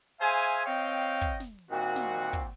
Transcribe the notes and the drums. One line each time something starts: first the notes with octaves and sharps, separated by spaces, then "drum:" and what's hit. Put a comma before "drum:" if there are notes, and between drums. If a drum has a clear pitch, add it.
G#4 C5 E5 F5 G#5
C4 C#5 D#5 F5 G5, drum: hi-hat
drum: hi-hat
drum: hi-hat
drum: kick, hi-hat
drum: snare
drum: hi-hat
A#2 D#3 G3 C4 F#4
drum: snare
drum: hi-hat
drum: kick, hi-hat